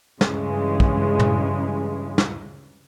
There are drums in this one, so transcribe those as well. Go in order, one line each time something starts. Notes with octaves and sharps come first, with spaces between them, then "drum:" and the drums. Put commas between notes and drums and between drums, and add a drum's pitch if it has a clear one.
G2 C#3 E3 G#3, drum: snare
drum: kick
drum: tom
drum: snare